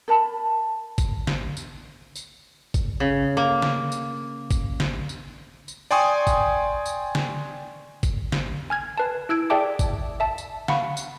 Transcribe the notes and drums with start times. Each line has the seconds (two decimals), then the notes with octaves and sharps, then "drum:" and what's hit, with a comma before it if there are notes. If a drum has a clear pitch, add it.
0.08 A4 A#4 A5 B5
0.98 drum: kick G#1, tambourine
1.27 drum: snare
1.57 drum: tambourine
2.16 drum: tambourine
2.74 drum: kick G#1, tambourine
3.00 C#3
3.37 A#3
3.62 drum: snare
3.92 drum: tambourine
4.51 drum: kick G#1, tambourine
4.80 drum: snare
5.09 drum: tambourine
5.68 drum: tambourine
5.91 D5 G5 G#5 C6 C#6 D#6
6.27 drum: kick G#1, tambourine
6.86 drum: tambourine
7.15 drum: snare
8.03 drum: kick G#1, tambourine
8.32 drum: snare
8.70 G#5 F6 G#6
8.98 B4 A5
9.29 E4 E6 G#6 D7
9.50 G#4 D5 E5 G5 A5 D6
9.79 drum: kick G#1, tambourine
10.20 E5 A5
10.38 drum: tambourine
10.68 F5 F#5 B5 C#6, drum: snare
10.97 drum: tambourine